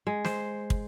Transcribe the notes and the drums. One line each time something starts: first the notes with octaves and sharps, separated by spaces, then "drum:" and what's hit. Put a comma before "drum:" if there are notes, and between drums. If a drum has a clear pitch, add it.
G#3
C5, drum: snare
drum: kick